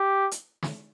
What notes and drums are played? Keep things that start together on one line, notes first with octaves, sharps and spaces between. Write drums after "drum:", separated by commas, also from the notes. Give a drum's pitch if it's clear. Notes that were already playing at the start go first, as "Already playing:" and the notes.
Already playing: G4
drum: hi-hat
drum: snare